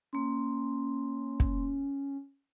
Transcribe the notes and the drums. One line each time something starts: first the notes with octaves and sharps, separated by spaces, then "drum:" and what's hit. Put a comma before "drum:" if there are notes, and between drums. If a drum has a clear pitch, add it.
A#3 C#4 C6
drum: kick